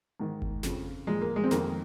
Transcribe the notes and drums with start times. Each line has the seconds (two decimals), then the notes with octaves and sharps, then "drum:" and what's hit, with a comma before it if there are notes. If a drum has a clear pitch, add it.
0.20 G#2 D#3
0.42 drum: kick G1
0.63 F2 C#3 F3, drum: snare
1.07 A#2 F3 G#3
1.21 A#3
1.36 G#3
1.44 C4
1.51 F2 D#3 A#3, drum: snare